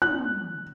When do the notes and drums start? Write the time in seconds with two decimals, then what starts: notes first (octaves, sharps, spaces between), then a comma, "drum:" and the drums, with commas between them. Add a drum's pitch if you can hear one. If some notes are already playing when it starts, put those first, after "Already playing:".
0.02 F#6, drum: tom